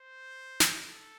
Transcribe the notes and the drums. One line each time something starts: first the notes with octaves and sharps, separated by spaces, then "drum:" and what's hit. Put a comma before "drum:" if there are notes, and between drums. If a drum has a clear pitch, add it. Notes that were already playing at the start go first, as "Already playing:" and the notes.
Already playing: C5
drum: snare
A4